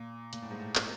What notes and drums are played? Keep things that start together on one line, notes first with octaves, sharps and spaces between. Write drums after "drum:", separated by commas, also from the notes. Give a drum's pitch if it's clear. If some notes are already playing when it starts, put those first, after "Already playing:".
Already playing: A#2
A#2, drum: hi-hat
A2
G#2
A2
drum: clap